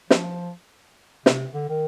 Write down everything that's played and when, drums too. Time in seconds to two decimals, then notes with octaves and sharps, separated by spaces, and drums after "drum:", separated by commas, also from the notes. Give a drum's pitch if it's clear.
0.10 F3, drum: snare
1.26 C3, drum: snare
1.54 D3
1.69 D#3